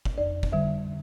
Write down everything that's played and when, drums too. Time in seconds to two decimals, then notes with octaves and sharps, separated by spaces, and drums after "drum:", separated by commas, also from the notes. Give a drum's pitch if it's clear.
0.05 drum: kick
0.18 F2 D5
0.43 drum: kick
0.52 D3 G3 E5